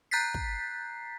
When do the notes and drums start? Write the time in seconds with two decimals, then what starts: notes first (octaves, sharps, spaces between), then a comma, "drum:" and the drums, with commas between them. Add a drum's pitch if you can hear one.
0.11 A#5 F#6 G6 A6 B6 C7
0.34 drum: kick